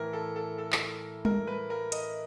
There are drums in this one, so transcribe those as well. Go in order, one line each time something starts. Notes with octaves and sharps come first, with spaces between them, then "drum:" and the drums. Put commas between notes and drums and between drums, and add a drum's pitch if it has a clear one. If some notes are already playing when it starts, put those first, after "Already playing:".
Already playing: A2 E3 A#4
A4
A4
A4
drum: clap
A#4, drum: tom G3
B4
A#4
D#5, drum: hi-hat